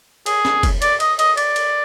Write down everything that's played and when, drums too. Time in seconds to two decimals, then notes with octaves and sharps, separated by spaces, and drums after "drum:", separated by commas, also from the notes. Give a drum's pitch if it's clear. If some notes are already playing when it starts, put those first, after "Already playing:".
0.26 G#4, drum: cymbal
0.45 drum: snare C#4
0.63 drum: kick, cymbal
0.82 D5, drum: cymbal
1.00 D#5, drum: cymbal
1.19 D#5, drum: cymbal
1.37 D5, drum: cymbal
1.56 drum: cymbal